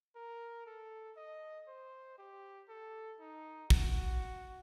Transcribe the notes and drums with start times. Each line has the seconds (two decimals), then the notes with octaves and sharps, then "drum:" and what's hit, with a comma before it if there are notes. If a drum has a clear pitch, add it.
0.16 A#4
0.66 A4
1.17 D#5
1.68 C5
2.18 G4
2.69 A4
3.20 D#4
3.70 F#4, drum: kick